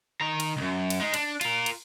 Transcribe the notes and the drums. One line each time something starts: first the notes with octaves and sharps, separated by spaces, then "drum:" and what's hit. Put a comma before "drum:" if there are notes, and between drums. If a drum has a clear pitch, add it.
D#3 A#5
drum: cymbal
C#2 F#2
drum: cymbal
G#3 D#4
D4, drum: cymbal
F4 A#4, drum: cymbal
drum: cymbal